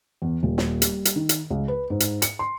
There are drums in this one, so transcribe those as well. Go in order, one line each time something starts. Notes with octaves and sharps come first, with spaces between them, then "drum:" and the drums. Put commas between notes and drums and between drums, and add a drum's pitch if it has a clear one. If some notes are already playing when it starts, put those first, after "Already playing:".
E2
D#1
drum: snare
G3, drum: hi-hat
drum: hi-hat
D#3
drum: hi-hat
C#2
B4
G#2
drum: hi-hat
C#7, drum: hi-hat
C6